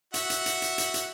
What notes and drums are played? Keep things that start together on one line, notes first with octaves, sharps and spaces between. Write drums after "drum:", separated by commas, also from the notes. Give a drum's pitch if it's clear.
F#4 E5 F#5, drum: hi-hat
drum: hi-hat
drum: hi-hat
drum: hi-hat
drum: hi-hat
drum: hi-hat